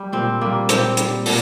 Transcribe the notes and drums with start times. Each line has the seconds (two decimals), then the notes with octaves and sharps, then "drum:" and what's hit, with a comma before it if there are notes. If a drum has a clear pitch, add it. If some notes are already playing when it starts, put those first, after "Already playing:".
Already playing: G3
0.12 A#2 C4
0.41 G3 A#3
0.69 A#2 C4, drum: hi-hat
0.97 G3, drum: hi-hat
1.26 A#2, drum: open hi-hat